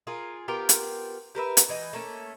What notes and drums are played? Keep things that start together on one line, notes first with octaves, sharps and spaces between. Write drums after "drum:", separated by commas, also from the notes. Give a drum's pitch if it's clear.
F4 G#4 A#4
B3 F4 G4 A#4
drum: hi-hat
G4 A#4 B4 E5
drum: hi-hat
E3 D#5 G5
A3 A#3 C#4